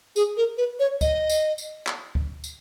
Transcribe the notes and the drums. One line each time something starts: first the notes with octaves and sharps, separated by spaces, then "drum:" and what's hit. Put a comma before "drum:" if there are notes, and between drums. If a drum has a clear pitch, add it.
G#4, drum: tambourine
A#4
B4
C#5
D#5, drum: kick D2, tambourine
drum: tambourine
drum: tambourine
drum: clap
drum: kick D2
drum: tambourine